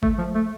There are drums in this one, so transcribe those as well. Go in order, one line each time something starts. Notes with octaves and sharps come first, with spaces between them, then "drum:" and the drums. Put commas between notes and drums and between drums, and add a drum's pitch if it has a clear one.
A3, drum: kick
F3
A3